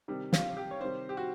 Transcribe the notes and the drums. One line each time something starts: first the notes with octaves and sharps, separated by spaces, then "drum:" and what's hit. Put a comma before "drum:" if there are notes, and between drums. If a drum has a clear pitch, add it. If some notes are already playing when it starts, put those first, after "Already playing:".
C3 D#3 G3
F4, drum: snare
G4
C#5
C3 D#3 G3 C5
G4
F#4